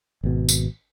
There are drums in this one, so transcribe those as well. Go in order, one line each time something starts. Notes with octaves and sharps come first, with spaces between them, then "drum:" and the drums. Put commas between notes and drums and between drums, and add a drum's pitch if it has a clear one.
G#1 B2
drum: tambourine